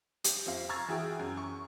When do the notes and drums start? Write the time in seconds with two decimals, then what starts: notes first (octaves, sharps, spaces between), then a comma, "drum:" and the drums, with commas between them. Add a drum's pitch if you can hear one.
0.24 G4, drum: hi-hat
0.46 F2 C4 F5
0.69 A#5 C#6 E6 F6 G#6 A6
0.88 E3 F#4 G#4 G5
1.19 F#2
1.37 C#6